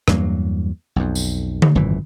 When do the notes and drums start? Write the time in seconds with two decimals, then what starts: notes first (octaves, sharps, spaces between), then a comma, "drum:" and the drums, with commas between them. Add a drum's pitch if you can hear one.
0.08 E2 G2 F#3 A#3, drum: rim click
0.96 B1 F2
1.15 drum: tambourine
1.62 drum: tom D3
1.75 G#1 F#2 A#2 E3